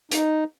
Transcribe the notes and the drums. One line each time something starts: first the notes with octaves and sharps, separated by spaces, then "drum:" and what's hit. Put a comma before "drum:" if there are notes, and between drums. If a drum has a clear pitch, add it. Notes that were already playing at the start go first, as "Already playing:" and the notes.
D#4, drum: hi-hat